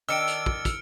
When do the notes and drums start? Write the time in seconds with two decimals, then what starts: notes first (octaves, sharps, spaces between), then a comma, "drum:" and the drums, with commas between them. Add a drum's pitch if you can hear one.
0.09 D#3 D4 E6 F6 C#7 D7
0.27 drum: hi-hat
0.46 drum: kick
0.65 drum: kick, hi-hat